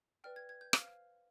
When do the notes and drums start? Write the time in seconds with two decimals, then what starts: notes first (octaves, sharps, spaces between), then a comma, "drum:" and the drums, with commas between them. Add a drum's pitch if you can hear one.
0.24 B4 D5 G5 F6
0.36 G#6
0.49 G#6
0.61 G6
0.73 C5 F5 F6, drum: rim click